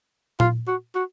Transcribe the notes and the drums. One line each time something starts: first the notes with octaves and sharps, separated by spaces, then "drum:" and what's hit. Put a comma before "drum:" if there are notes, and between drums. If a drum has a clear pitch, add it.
F4, drum: tom A#2
F#4
F#4